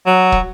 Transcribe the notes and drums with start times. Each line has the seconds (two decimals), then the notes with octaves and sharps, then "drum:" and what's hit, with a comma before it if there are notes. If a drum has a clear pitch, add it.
0.06 F#3
0.32 drum: kick